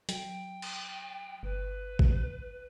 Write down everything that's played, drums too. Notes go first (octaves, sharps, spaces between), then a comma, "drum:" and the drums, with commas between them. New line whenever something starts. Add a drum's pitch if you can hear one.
F#3 G5, drum: hi-hat
drum: cymbal
G1 B4
drum: kick A#1